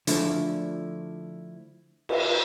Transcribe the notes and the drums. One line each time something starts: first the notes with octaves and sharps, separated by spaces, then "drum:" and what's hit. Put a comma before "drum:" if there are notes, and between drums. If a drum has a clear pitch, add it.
D3 F3 A3 D4 E4, drum: hi-hat
drum: cymbal